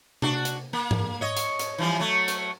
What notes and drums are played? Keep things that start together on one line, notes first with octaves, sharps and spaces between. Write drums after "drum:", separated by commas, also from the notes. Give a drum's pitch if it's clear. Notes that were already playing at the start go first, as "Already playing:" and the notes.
D4 F#4, drum: tom C3
drum: hi-hat
A#3
drum: tom G#2
C#5 D#5
drum: hi-hat
drum: hi-hat
E3 F3 G3
F#3 A3
drum: hi-hat